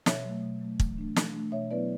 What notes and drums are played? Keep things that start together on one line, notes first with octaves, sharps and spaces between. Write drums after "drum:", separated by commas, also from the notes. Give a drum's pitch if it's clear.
B2 C#5 E5, drum: snare
F#3 A3
B2
F#3 A3
E3, drum: kick
A3 D4
E3, drum: snare
A3 D4
B2 C#5 E5
F#3 B3 E4 B4 D5